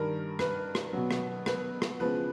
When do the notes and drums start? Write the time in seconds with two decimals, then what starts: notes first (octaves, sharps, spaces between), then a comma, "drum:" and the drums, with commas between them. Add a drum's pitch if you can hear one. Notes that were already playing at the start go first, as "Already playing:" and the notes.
Already playing: G2 D#3 G3 A#4
0.39 B4, drum: rim click
0.75 drum: rim click
0.93 B2 F#3
1.11 drum: rim click
1.46 B4, drum: rim click
1.82 drum: rim click
2.00 E2 C#3 F3 G#3 B4